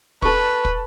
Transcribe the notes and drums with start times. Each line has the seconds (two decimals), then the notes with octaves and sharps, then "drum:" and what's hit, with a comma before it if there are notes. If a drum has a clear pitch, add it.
0.22 A4 B4 C#6, drum: kick
0.65 drum: kick